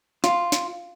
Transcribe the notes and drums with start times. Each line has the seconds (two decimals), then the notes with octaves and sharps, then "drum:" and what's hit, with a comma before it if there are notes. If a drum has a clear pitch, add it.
0.24 F4, drum: snare
0.52 drum: snare